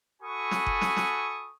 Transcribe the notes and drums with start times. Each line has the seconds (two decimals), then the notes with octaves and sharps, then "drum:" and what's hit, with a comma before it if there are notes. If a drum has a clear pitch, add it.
0.21 F#4 A4 G#5 B5 C#6 D#6
0.51 drum: snare
0.66 drum: kick F#1
0.81 drum: snare
0.97 drum: snare